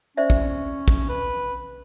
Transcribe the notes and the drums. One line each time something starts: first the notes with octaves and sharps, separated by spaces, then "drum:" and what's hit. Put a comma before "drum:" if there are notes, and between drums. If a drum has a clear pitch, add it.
C#4 C5 D5 E5
drum: kick
drum: kick
B4